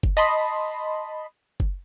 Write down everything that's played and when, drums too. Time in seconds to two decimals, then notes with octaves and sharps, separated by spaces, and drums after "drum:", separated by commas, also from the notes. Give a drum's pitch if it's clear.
0.03 drum: kick F#1
0.17 D#5 A5 B5 C6, drum: cymbal
1.60 drum: kick F#1